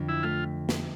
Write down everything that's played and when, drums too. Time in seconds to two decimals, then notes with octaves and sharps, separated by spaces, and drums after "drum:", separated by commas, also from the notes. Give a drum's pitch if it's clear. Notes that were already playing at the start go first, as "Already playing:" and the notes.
Already playing: F2 D3
0.09 E4
0.23 A3 F4
0.69 drum: snare